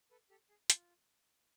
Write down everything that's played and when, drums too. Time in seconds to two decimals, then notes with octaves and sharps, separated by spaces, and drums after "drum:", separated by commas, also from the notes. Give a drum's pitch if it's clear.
0.11 A4 B4
0.30 G4 A4
0.49 G#4
0.70 F4, drum: hi-hat